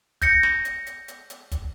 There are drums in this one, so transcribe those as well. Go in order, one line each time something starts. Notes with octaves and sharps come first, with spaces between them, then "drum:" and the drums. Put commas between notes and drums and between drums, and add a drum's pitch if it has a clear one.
G6 A#6 C#7, drum: kick, hi-hat
drum: snare
drum: hi-hat
drum: hi-hat
drum: hi-hat
drum: hi-hat
drum: kick, hi-hat